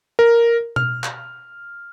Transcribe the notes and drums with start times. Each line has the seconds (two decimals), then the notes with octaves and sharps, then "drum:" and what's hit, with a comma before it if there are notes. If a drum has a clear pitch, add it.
0.19 A#4
0.76 F6, drum: tom B2
1.04 drum: clap